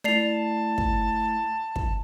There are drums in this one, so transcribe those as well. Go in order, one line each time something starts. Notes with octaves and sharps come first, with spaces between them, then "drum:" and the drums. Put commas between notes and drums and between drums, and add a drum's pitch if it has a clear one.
A3 E4 D5 A5 C7 F7
drum: kick
drum: kick